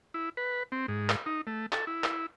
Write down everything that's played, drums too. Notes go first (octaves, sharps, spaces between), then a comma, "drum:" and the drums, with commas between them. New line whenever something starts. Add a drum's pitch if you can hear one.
E4
B4
C4
G#2
drum: clap
D#4
A3
A4, drum: clap
E4
drum: clap